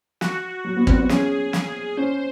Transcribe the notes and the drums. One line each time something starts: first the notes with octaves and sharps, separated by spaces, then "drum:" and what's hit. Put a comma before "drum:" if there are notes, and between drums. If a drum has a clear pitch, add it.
F#4, drum: snare
F#3
B3
C4, drum: kick
C4
C#4 G#4, drum: snare
drum: snare
C#4 C5